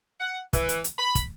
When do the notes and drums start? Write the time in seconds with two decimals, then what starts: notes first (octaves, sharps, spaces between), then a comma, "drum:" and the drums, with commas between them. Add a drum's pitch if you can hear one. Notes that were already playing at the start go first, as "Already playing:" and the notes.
0.20 F#5
0.53 E3, drum: kick, hi-hat
0.69 drum: hi-hat
0.84 drum: hi-hat
0.99 B5
1.15 drum: kick, hi-hat